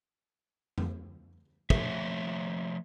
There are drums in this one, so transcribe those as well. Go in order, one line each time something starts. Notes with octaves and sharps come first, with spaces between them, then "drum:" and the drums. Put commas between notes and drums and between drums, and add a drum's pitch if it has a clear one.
drum: tom F2
F3 A3 C4 C#5 E5, drum: kick